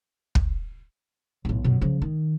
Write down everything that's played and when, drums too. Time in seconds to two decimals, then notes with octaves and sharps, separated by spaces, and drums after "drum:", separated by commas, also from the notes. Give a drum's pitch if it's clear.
0.35 drum: kick
1.45 B1 A2
1.64 F#2 B2
1.81 C#3 F3
2.02 D#3